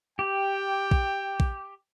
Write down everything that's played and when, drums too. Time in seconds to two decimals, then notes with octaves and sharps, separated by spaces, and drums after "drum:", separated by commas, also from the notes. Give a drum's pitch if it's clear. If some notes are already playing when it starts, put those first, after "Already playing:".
0.19 G4 G5
0.91 drum: kick A#1
1.40 drum: kick A#1